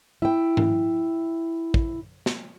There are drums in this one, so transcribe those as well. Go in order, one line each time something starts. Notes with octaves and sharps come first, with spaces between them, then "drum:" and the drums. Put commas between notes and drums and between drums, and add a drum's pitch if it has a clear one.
E4 G5
drum: tom G#2
drum: kick
drum: snare